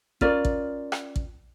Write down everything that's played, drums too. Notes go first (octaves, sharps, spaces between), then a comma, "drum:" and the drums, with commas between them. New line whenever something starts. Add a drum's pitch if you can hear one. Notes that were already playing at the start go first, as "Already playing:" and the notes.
C#4 F4 A#4 D5, drum: kick
drum: kick
drum: rim click
drum: kick